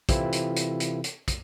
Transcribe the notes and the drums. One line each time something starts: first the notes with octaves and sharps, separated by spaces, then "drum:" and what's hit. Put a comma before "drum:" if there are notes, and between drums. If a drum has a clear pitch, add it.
C3 E3 C4 E4 F4 A4, drum: kick, hi-hat
drum: hi-hat
drum: hi-hat
drum: hi-hat
drum: hi-hat
drum: kick, hi-hat